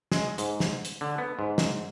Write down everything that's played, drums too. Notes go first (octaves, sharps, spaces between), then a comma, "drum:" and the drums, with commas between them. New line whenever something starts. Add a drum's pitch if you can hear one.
G#3, drum: snare
G#2, drum: hi-hat
drum: snare
drum: hi-hat
D3
B3
G#2
drum: snare